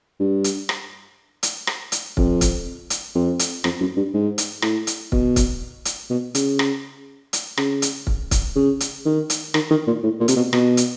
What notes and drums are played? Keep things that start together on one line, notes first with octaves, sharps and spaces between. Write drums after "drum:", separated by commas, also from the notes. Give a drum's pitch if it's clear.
G2
drum: hi-hat
drum: rim click
drum: hi-hat
drum: rim click
drum: hi-hat
F2, drum: kick
drum: kick, hi-hat
drum: hi-hat
F2
drum: hi-hat
F2, drum: rim click
F#2
G2
G#2
drum: hi-hat
A2, drum: rim click
drum: hi-hat
B2, drum: kick
drum: kick, hi-hat
drum: hi-hat
B2
C#3, drum: hi-hat
drum: rim click
drum: hi-hat
C#3, drum: rim click
drum: hi-hat
drum: kick
drum: kick, hi-hat
C#3
drum: hi-hat
D#3
drum: hi-hat
D#3, drum: rim click
D#3
A#2
A2
A#2
C3, drum: hi-hat
B2
B2, drum: rim click
drum: hi-hat